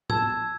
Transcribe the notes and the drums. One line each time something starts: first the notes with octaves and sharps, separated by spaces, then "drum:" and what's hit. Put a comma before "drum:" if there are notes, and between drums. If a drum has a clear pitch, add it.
A5 E6 G#6, drum: tom A2